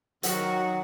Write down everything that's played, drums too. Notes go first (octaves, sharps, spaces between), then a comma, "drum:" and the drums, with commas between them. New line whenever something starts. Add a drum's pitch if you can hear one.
D#3 F#3 F#4 F#5, drum: hi-hat